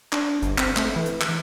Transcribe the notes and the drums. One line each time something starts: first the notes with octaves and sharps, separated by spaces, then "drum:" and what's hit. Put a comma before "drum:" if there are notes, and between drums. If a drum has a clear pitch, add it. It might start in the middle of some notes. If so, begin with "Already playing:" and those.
D4, drum: clap
G1, drum: hi-hat
C4, drum: clap
A3, drum: clap
E3
drum: hi-hat
drum: clap